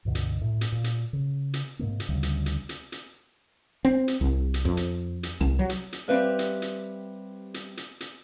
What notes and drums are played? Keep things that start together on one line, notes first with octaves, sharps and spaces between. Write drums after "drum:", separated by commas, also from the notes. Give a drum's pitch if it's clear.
C#2 G2 B2 D3
drum: hi-hat
A2
drum: hi-hat
A#2
drum: hi-hat
C#3
drum: hi-hat
G#2 C3 G#3 A#3
drum: hi-hat
D2 C#3 G3
drum: hi-hat
drum: hi-hat
drum: hi-hat
drum: hi-hat
C4
drum: hi-hat
C2
drum: hi-hat
F2
drum: hi-hat
drum: hi-hat
C2
F#3
drum: hi-hat
drum: hi-hat
G3 C4 G4 B4 E5 F5
drum: hi-hat
drum: hi-hat
drum: hi-hat
drum: hi-hat
drum: hi-hat